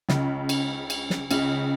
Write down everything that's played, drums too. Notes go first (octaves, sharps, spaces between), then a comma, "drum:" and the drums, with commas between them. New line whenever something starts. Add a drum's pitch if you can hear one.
C#2 C#3, drum: snare
drum: cymbal
drum: cymbal
drum: snare
C#2 C#3, drum: cymbal